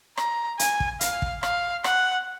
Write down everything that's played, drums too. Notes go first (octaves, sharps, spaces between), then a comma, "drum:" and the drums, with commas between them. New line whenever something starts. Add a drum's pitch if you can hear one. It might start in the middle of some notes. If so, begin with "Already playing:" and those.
A#5, drum: rim click
G#5, drum: hi-hat
drum: kick
F5, drum: hi-hat
drum: kick
F5, drum: rim click
F#5, drum: rim click